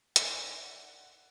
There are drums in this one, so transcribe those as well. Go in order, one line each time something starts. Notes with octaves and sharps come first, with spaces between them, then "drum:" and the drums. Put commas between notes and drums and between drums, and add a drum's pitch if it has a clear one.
D5 F#5, drum: hi-hat